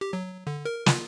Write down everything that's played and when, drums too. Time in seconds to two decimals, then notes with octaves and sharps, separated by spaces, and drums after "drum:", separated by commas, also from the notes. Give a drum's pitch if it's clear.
0.01 G4
0.13 F#3
0.47 D3
0.65 A#4
0.86 F4, drum: snare